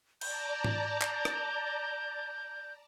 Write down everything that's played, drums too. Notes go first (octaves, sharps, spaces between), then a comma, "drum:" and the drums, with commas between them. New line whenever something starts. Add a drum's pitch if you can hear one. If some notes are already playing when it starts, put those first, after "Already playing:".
D5 A5 A#5 G6, drum: cymbal
drum: tom G#2
drum: clap
drum: rim click